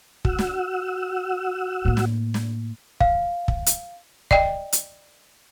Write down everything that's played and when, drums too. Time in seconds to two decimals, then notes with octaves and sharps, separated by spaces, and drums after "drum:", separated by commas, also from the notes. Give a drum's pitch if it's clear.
0.25 F#4 F#5 E6, drum: kick
0.39 drum: snare
1.85 A2 A#3
1.97 drum: snare
2.34 drum: snare
3.01 F5, drum: kick
3.48 drum: kick
3.66 drum: hi-hat
4.31 D5 D#5 G5, drum: kick
4.73 drum: hi-hat